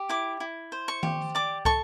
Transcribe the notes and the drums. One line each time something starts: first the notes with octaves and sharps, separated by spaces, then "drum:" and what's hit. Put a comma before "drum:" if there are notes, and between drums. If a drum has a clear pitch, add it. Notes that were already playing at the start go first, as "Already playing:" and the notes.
Already playing: G4
E4 D6
E4
C5
C#6
G4, drum: tom D#3
D5 D6
A4 C#6, drum: kick